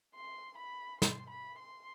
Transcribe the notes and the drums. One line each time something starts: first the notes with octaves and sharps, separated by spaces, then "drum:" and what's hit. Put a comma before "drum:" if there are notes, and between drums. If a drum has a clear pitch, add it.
C6
B5
C6, drum: snare
B5
C6